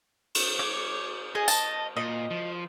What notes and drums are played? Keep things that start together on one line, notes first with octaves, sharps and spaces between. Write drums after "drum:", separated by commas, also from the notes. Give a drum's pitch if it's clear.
drum: cymbal
C#5 D6
G#4 D#5
A5, drum: tambourine
A#2 D#5
F3